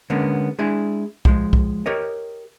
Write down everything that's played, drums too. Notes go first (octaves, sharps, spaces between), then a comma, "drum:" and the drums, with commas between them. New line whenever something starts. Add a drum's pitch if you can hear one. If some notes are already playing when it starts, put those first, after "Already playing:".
D3 G#3 A#3 B3 C#4
G#3 D4 E4 G#4
F3 G#3, drum: kick B1
drum: kick B1
G4 A#4 C#5 D#5